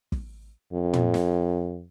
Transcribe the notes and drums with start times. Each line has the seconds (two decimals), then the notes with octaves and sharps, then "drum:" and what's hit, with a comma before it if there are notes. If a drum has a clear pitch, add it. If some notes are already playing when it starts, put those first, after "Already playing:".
0.12 drum: kick
0.73 F2
0.93 drum: tom
1.14 drum: snare